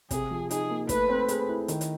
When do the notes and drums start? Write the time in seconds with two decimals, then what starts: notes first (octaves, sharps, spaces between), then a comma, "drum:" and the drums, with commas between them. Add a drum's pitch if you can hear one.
0.11 C3 G#4, drum: kick, hi-hat
0.31 F3
0.51 D#4 G#4, drum: hi-hat
0.70 A#3
0.89 A3 B4, drum: kick, hi-hat
1.09 C4
1.28 G#4, drum: hi-hat
1.49 E4
1.68 D#3, drum: hi-hat
1.81 drum: hi-hat